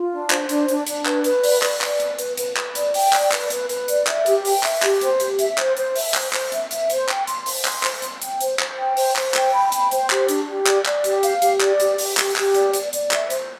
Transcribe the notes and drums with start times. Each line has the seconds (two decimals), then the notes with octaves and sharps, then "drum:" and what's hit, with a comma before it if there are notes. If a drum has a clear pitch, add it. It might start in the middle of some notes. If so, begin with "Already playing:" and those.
Already playing: F4
0.11 D4
0.30 C5, drum: clap
0.49 D4, drum: hi-hat
0.68 D4, drum: hi-hat
0.87 D4, drum: hi-hat
1.06 B4, drum: clap
1.24 B4, drum: hi-hat
1.44 D5, drum: open hi-hat
1.62 B4, drum: clap
1.81 D5, drum: clap
2.00 B4, drum: hi-hat
2.19 B4, drum: hi-hat
2.37 B4, drum: hi-hat
2.57 B4, drum: clap
2.75 D5, drum: hi-hat
2.94 G5, drum: open hi-hat
3.13 D5, drum: clap
3.32 B4, drum: clap
3.50 B4, drum: hi-hat
3.69 B4, drum: hi-hat
3.88 D5, drum: hi-hat
4.07 E5, drum: clap
4.26 G4, drum: hi-hat
4.45 G5, drum: open hi-hat
4.63 E5, drum: clap
4.82 G4, drum: clap
5.01 C5, drum: hi-hat
5.20 G4, drum: hi-hat
5.39 E5, drum: hi-hat
5.58 C5, drum: clap
5.77 C5, drum: hi-hat
5.96 E5, drum: open hi-hat
6.14 C5, drum: clap
6.33 C5, drum: clap
6.52 E5, drum: hi-hat
6.71 E5, drum: hi-hat
6.90 C5, drum: hi-hat
7.09 G5, drum: clap
7.27 C6, drum: hi-hat
7.46 C5, drum: open hi-hat
7.65 C6, drum: clap
7.83 C5, drum: clap
8.02 C6, drum: hi-hat
8.22 G5, drum: hi-hat
8.41 C5, drum: hi-hat
8.59 C5, drum: clap
8.78 G5
8.97 C5, drum: open hi-hat
9.16 C5, drum: clap
9.34 G5, drum: clap
9.53 B5
9.72 G5, drum: hi-hat
9.91 C5, drum: hi-hat
10.10 G4, drum: clap
10.28 D4, drum: hi-hat
10.47 G4
10.67 D5, drum: clap
10.86 D5, drum: clap
11.04 G4, drum: hi-hat
11.23 F5, drum: hi-hat
11.42 G4, drum: hi-hat
11.61 D5, drum: clap
11.80 G4, drum: hi-hat
11.98 G4, drum: open hi-hat
12.17 G4, drum: clap
12.36 G4, drum: clap
12.54 D5, drum: hi-hat
12.73 D5, drum: hi-hat
12.93 D5, drum: hi-hat
13.11 E5, drum: clap
13.30 C5, drum: hi-hat